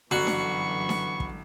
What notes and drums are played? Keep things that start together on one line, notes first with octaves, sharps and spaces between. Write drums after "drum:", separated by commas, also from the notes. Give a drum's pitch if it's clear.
G1 F#2 D3 E3 F#4 B5 C#6
drum: snare D4
drum: snare D4
drum: kick